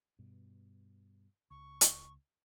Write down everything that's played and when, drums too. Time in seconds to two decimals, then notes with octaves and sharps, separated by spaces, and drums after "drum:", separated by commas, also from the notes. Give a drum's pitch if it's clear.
0.19 G2 B2
1.51 C#2 C#6
1.81 drum: hi-hat